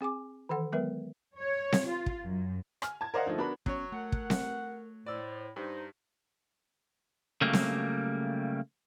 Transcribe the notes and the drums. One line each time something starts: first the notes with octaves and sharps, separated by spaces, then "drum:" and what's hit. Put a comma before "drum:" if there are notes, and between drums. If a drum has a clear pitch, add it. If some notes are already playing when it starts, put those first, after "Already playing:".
C4 G#4 G#5 D6
D#3 E3 A4 F#5
F#3 G#3 B3 A#4 B4 E5
C#5
drum: snare C4
F4
drum: kick
F#2
G#5 F6, drum: rim click
A5 G#6
A#4 C5 D5 D#5 F5 F#5
D3 F3 A3 D#4
B3 D4 F#4 A#4 B5
F#3 B3 C#4 C#5, drum: kick
A3 A#4 F#5
drum: kick
drum: snare C4
A2 C5 D5 E6
G2 D#4 C5
C#3 F#3 G3 A3 A#3
drum: snare C4